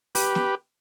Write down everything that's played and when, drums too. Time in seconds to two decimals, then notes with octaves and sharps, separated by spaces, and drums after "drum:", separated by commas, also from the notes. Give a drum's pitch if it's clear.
0.15 G4 B4, drum: open hi-hat
0.35 drum: snare